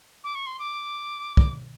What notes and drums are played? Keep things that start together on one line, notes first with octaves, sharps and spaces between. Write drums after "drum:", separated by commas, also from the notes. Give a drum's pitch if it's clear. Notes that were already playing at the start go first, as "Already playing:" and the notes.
D6
C#6
C6
D6
drum: kick